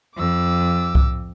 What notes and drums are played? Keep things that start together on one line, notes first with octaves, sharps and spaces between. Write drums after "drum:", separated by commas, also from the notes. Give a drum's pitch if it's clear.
F2 D6 E6
drum: kick C2